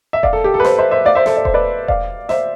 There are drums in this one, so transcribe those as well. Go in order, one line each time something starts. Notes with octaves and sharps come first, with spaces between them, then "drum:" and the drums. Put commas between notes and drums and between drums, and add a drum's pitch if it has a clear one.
E5
D5 F5, drum: kick E1
A4
G4
A4
B4
A4 C5, drum: snare
C5 E5
C5 E5
D5 F5
C5 E5
A4 C5, drum: snare
D5
C5, drum: kick E1
B4 D5
D5 F5, drum: kick E1
C5 E5, drum: snare